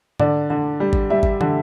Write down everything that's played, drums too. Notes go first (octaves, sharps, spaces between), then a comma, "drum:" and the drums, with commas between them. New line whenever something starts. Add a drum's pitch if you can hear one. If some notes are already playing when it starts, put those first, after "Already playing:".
D3 D5, drum: tom G#2
D3
G3
drum: kick
G3 E5
drum: kick
D3, drum: tom